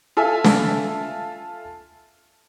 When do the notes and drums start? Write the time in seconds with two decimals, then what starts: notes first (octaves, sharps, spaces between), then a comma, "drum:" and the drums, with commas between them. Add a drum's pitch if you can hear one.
0.17 F4 A4 E5 G#5
0.44 drum: snare